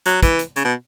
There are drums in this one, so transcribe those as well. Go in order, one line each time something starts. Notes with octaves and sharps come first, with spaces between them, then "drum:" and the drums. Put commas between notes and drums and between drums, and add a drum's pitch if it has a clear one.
F#3, drum: hi-hat
E3, drum: kick, hi-hat
drum: hi-hat
C#3, drum: hi-hat
B2